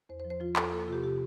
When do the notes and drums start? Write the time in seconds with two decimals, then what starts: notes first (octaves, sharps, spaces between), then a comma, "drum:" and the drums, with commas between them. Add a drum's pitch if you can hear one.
0.09 E2 C5
0.20 C5
0.25 F3
0.30 C5
0.40 F3 F4
0.56 E2 A4, drum: clap
0.72 A#3 A4
0.87 C3 F4
0.93 G4
1.04 C3 G4